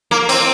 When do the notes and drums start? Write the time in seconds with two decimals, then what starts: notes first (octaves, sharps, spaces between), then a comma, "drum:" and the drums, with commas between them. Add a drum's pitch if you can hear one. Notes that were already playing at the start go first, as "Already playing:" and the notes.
0.11 A#3
0.29 C4, drum: cymbal